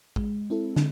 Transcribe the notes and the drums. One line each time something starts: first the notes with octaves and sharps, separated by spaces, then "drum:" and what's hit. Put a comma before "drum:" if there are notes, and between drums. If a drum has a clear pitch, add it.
G#3, drum: kick
C4 E4 A4
D3, drum: snare